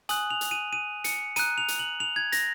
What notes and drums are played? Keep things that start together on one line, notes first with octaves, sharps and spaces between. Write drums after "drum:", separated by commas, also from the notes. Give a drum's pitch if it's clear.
G#5 D#6 F#6 F#7, drum: hi-hat
F7
drum: hi-hat
D#7
D#7
C#7, drum: hi-hat
A#5 D#6 F#6 D#7, drum: hi-hat
F7
drum: hi-hat
F#7
F7
G#6
A#6, drum: hi-hat